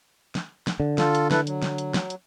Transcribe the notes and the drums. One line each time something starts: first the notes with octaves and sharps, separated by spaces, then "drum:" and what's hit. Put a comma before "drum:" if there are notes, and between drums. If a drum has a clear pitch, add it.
drum: snare
drum: snare
D3
F4 A4, drum: snare
drum: hi-hat
E4 A4 B4, drum: snare
F#3, drum: hi-hat
drum: snare
drum: hi-hat
drum: snare
drum: hi-hat